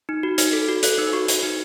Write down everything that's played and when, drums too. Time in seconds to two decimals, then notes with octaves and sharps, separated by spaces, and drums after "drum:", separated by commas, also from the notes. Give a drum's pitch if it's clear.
0.09 D#4
0.23 F#4
0.38 D#4, drum: hi-hat
0.53 A4
0.69 F#4
0.83 A4 F#6, drum: hi-hat
0.98 D#4 E6
1.13 F#4 C#6
1.28 F#4, drum: hi-hat
1.43 D#4